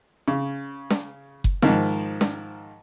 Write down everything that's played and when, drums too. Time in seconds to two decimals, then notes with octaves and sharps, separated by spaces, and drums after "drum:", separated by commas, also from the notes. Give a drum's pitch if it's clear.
0.28 C#3
0.90 drum: snare
1.44 drum: kick F#1
1.62 G#2 D#3 F3, drum: snare
2.21 drum: snare